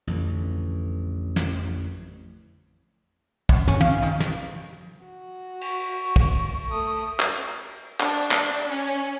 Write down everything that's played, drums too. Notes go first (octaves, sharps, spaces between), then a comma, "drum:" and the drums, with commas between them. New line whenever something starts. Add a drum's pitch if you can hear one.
A1 F2 D3 E3
drum: snare
F#2, drum: kick
C#4, drum: tom
F5, drum: tom
D#3, drum: hi-hat
drum: snare
F#4
C#6, drum: cymbal
drum: kick
A3 D#6
drum: clap
D4, drum: clap
drum: clap
C#4